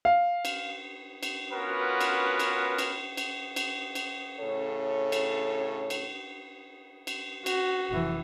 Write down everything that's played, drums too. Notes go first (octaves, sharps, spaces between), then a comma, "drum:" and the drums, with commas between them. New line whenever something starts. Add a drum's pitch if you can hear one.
F5
drum: cymbal
drum: cymbal
B3 C#4 F4 F#4 A#4 B4
drum: cymbal
drum: cymbal
drum: cymbal
drum: cymbal
drum: cymbal
drum: cymbal
A2 C#3 A4 C#5
drum: cymbal
drum: cymbal
drum: cymbal
F#4, drum: cymbal
F1 E3